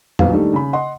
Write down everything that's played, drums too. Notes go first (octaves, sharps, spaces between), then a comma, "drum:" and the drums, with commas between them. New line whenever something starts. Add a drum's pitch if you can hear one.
D#1 B1 F2 F#3 B4 F5, drum: tom
D#3 G3 A3 D4 D#4
C#3 B5
D#5 F#5 C6